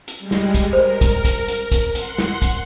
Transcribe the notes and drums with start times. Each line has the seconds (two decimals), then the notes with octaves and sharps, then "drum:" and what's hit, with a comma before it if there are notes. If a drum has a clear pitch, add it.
0.08 drum: hi-hat
0.18 G3 G#3
0.31 drum: snare
0.54 drum: kick, hi-hat
0.73 A#4 C5
1.01 drum: kick, hi-hat
1.25 drum: kick, hi-hat
1.48 drum: hi-hat
1.72 drum: kick, hi-hat
1.95 F#5 C6, drum: hi-hat
2.18 drum: snare
2.42 drum: kick, hi-hat